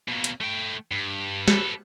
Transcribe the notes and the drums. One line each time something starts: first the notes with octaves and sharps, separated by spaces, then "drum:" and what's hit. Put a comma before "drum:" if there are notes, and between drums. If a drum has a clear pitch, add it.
B2 A#3
drum: hi-hat
A3 G5
G2
A4 B4, drum: snare